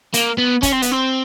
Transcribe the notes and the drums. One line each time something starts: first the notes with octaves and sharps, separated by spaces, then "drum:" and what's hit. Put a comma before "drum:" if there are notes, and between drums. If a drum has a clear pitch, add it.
A#3, drum: hi-hat
B3
C#4, drum: kick, hi-hat
C4
B3, drum: hi-hat
C4